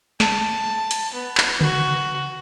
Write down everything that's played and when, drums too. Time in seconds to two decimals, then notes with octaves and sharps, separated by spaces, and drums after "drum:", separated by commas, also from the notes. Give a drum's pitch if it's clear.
0.20 A5, drum: snare
0.91 drum: hi-hat
1.14 B3
1.37 drum: clap
1.61 F#4, drum: tom C#3